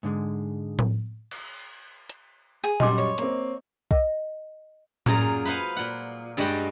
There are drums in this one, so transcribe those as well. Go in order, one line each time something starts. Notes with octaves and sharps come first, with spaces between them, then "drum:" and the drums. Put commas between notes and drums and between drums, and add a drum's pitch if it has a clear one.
G#2 D3 G#3
drum: tom A2
drum: cymbal
drum: hi-hat
G#4
F#2 G3 D#5 C6 D6, drum: tom A#2
C#5
A#3 C4, drum: hi-hat
D#5, drum: kick B1
F#2 A#2 G#4 A#5, drum: tom A2
B4 C5 F5 F#5 G#5
A#2 F#5
G2 G3 G#3 F#4 F#5 G5